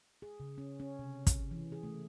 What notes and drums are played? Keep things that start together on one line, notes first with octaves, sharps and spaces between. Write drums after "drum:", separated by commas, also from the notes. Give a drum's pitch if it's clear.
G#4
C#3
C#4
C#4
C3
drum: kick, hi-hat
E3
G#4
A3